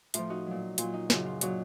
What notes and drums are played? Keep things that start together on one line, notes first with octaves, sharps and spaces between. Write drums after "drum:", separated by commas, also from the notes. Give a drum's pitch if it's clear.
A2 F3 F4, drum: hi-hat
D#4 F#4
A#2 F#3
A#2 F#3 F4, drum: hi-hat
D#4
F#2 C#3 F#3 F4, drum: snare
F4
A#2 F#3 D#4 F#4, drum: hi-hat